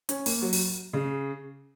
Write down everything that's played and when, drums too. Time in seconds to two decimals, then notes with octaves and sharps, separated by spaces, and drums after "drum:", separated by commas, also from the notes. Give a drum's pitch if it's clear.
0.09 C#4, drum: hi-hat
0.26 A#3, drum: open hi-hat
0.42 F#3
0.53 drum: open hi-hat
0.93 C#3